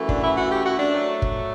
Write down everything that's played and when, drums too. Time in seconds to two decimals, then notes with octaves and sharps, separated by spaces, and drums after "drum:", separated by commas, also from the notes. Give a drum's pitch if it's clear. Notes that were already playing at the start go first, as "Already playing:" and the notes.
Already playing: F#2 E3 A3
0.09 D4, drum: kick
0.22 E4
0.36 F#4
0.51 G4
0.65 F#4
0.79 D4
0.94 F#3 A3
1.22 drum: kick